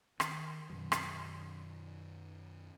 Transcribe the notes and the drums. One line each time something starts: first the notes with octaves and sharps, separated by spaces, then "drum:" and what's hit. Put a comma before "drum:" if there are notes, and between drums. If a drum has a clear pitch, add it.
D#3, drum: rim click
F#2 B2 D#3 F#3
drum: rim click